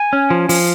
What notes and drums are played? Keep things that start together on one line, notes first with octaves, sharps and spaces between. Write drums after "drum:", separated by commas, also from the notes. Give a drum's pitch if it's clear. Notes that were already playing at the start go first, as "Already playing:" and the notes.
Already playing: G#5
C#4
F3
F3, drum: open hi-hat